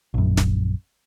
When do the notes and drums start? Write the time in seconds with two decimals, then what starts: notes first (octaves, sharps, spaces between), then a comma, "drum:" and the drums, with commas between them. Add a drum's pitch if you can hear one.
0.14 A#1 F#2
0.37 drum: snare